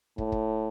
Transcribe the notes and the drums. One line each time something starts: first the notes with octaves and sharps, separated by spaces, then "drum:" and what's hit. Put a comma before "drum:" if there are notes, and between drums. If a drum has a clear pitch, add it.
A2, drum: kick
drum: kick